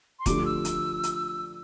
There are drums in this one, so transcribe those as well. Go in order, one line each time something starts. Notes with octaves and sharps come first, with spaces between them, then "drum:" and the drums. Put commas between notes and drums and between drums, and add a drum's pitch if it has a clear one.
C6
D3 F3 A3 D4 G4 D6, drum: kick, hi-hat
E6
drum: hi-hat
drum: hi-hat